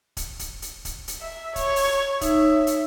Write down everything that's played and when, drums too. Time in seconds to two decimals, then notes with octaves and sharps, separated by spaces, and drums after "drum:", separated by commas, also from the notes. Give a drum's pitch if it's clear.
0.17 drum: kick, hi-hat
0.39 drum: kick, hi-hat
0.62 drum: hi-hat
0.85 drum: kick, hi-hat
1.08 drum: hi-hat
1.21 E5
1.56 C#5, drum: kick, hi-hat
1.76 drum: open hi-hat
2.21 D#4 C#5 E5, drum: kick, hi-hat
2.67 drum: hi-hat